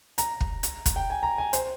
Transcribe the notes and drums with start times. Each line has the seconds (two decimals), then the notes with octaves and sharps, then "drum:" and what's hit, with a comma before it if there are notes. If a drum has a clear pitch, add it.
0.18 A#5, drum: hi-hat
0.40 drum: kick
0.63 drum: hi-hat
0.86 drum: kick, hi-hat
0.96 G5
1.10 G#5
1.23 A#5
1.38 G#5
1.53 C5, drum: hi-hat